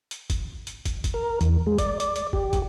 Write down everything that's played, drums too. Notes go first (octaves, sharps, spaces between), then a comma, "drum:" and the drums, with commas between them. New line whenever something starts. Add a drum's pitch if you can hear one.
drum: hi-hat
drum: kick, hi-hat
drum: hi-hat
drum: kick, hi-hat
drum: kick, hi-hat
A#4
E2, drum: hi-hat
G#3
D5, drum: kick, hi-hat
D5, drum: hi-hat
drum: hi-hat
G4, drum: kick
drum: kick, hi-hat